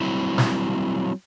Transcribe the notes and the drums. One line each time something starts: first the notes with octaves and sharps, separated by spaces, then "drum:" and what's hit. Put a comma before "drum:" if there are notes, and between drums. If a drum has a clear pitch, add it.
F#3 G3 C4 E4
drum: snare